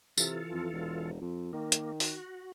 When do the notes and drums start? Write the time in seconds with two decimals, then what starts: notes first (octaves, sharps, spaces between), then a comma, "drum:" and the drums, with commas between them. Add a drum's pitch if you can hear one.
0.18 C3 E3 F4 A4, drum: tambourine
0.52 F2
0.73 E1
1.21 F2
1.53 D#3 A#3
1.72 drum: hi-hat
2.00 F#4, drum: open hi-hat